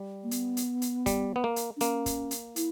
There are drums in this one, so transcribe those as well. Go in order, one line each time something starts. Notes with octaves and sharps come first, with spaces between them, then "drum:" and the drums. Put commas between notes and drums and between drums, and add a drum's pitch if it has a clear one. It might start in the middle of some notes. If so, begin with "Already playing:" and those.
Already playing: G3
A#3
B3, drum: hi-hat
drum: hi-hat
drum: hi-hat
G3, drum: kick, hi-hat
B3
A#3
drum: hi-hat
D4
A#3 C#4, drum: hi-hat
drum: kick, hi-hat
drum: hi-hat
E4, drum: hi-hat